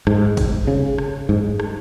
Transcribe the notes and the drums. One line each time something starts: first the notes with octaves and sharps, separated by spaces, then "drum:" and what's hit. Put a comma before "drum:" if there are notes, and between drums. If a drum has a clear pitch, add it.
G#2, drum: rim click
drum: kick, cymbal
C#3
drum: rim click
G#2
drum: rim click